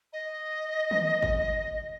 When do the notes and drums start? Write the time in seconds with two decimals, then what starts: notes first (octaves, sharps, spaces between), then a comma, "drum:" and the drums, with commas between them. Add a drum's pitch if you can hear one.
0.13 D#5
0.91 drum: tom D#3
1.22 drum: kick G#1